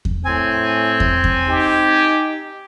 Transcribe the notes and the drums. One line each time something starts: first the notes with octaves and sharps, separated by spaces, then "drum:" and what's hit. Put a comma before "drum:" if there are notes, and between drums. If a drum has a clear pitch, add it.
drum: kick E2
A2 C4 G#5
drum: kick E2
drum: kick E2
D#4 G4